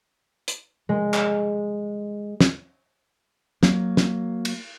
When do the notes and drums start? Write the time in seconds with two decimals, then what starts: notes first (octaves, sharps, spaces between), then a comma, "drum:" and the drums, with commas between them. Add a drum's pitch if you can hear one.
0.48 drum: hi-hat
0.89 G#3
1.14 drum: clap
2.41 drum: snare
3.63 F#3 A#3, drum: snare
3.97 drum: snare
4.45 drum: cymbal